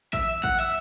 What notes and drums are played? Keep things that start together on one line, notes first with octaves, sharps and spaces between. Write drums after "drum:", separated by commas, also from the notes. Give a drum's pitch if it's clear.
E5, drum: kick A1
F#5, drum: kick A1
E5